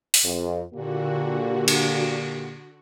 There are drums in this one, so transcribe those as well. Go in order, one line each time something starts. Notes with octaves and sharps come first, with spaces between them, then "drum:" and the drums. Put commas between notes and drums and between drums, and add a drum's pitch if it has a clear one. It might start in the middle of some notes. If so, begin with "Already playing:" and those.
drum: open hi-hat
F2
A#2 D3 A#3 F#4 G4
drum: cymbal